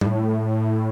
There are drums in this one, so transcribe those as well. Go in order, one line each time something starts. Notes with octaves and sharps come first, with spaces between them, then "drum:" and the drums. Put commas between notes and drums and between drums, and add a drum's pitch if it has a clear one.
G2, drum: tom G3
A2